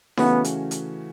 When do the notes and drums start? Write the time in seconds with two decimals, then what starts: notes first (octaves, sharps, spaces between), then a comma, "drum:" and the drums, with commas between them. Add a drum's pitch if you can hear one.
0.17 C#3 E3 A3 B3 C#4 F#4, drum: snare D#4
0.44 drum: hi-hat
0.71 drum: hi-hat